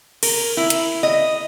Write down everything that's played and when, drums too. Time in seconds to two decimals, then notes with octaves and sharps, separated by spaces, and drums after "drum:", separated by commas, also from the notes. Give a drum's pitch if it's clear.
0.23 A#4, drum: cymbal
0.57 E4
0.70 drum: hi-hat
1.03 D#5